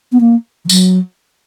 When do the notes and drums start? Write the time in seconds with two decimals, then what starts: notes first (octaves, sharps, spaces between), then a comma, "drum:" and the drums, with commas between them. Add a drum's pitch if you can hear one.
0.12 B3
0.20 A#3
0.65 E3
0.69 F#3, drum: tambourine